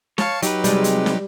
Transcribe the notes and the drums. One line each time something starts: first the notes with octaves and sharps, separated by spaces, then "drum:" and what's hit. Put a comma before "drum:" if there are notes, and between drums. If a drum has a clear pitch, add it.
C#5 F5 A5 C#7, drum: snare
F#3 D#4 G4 B4, drum: hi-hat
C3 G3 G#3, drum: hi-hat
drum: hi-hat
drum: snare